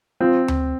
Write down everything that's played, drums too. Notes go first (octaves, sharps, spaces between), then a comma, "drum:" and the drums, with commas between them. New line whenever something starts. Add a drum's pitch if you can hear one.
F3 C4
drum: tom D2